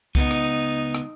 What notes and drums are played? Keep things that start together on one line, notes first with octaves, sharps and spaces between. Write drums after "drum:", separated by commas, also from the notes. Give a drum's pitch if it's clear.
C#2 B3 D#4, drum: kick C2
drum: rim click
drum: rim click